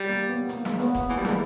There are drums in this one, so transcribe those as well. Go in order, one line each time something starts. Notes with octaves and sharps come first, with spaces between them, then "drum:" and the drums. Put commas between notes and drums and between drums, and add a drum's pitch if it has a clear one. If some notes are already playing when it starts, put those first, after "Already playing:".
Already playing: G3
A#3
B3
A#3, drum: hi-hat
G#3, drum: snare
B3, drum: hi-hat
drum: kick E1, hi-hat
E3 A#3, drum: hi-hat
G3
E3 G#3, drum: snare